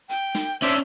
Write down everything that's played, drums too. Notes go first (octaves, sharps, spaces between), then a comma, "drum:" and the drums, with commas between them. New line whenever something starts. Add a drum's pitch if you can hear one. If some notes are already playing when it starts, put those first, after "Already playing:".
G5, drum: hi-hat
drum: snare
C#4 D4 C5 E5 D6 E6, drum: hi-hat